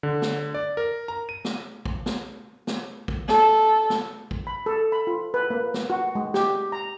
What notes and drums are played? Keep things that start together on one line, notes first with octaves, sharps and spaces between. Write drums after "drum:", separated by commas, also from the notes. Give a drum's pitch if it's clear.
D3
drum: snare
D5
A#4
A#5
D#7
drum: snare
drum: kick
drum: snare
drum: snare
drum: kick
A4, drum: snare
drum: snare
drum: kick
B5
A4
B5
F4
B4
A#3
drum: snare
F#4
G#3
G4, drum: snare
A#5